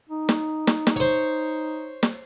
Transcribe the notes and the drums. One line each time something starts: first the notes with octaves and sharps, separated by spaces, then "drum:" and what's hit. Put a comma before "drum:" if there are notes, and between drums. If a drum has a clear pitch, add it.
D#4
drum: snare
drum: snare
drum: snare
C5 C#5
drum: snare